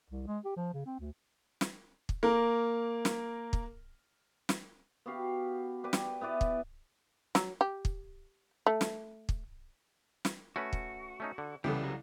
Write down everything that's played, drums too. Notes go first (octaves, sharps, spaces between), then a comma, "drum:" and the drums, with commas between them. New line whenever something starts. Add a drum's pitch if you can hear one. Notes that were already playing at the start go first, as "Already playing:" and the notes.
C2
G#3
G4
F3
C#3
C4
D2
drum: snare
drum: kick
A#3 A#4
drum: snare
drum: kick
drum: snare
B3 F#4 G4 F5
G4 B4 D5
drum: snare
B3 E4 B4 D5
drum: kick
F#3, drum: snare
G4
drum: kick
A3
drum: snare
drum: kick
drum: snare
A3 C#4 F#4 B4
drum: kick
A3 C#4 D#4
D3
C2 C#3 E3 B3 G4 A4
F#3